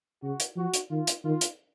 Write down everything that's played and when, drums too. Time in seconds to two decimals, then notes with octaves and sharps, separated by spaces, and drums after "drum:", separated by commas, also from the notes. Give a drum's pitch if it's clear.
0.23 C#3 F#4
0.40 drum: hi-hat
0.56 F3 F#4
0.74 drum: hi-hat
0.90 D#3 F4
1.07 drum: hi-hat
1.24 D#3 F4
1.41 drum: hi-hat